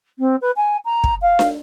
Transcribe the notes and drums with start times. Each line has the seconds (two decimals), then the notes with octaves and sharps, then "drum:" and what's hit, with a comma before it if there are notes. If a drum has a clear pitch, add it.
0.18 C4
0.41 B4
0.56 G#5
0.85 A#5
1.04 drum: kick
1.21 F5
1.39 drum: snare D4